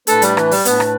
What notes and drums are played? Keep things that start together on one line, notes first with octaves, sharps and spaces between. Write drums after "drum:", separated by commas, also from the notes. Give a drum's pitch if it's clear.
A2 A3 D4 A4 B4, drum: hi-hat
G3, drum: hi-hat
E3, drum: rim click
G3, drum: open hi-hat
A2 A3 B3 D4 B4, drum: hi-hat
drum: rim click